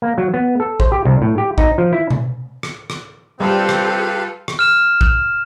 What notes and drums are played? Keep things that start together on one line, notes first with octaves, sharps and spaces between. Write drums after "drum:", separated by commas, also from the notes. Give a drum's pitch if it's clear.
A#3
F#3
B3
A4
C5, drum: kick
G4
C2
A2
G4
D#4, drum: kick
F3
E4
drum: tom B2
drum: rim click
drum: rim click
G3 C4 F4 G4 A4 B4 F5
drum: rim click
drum: rim click
F6 E7
drum: kick